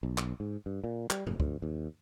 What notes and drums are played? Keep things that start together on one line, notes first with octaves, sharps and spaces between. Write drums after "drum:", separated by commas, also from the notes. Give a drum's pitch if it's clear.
B1
drum: clap
G#2
G2
A#2
G3, drum: clap
F1, drum: tom
D2, drum: kick
D#2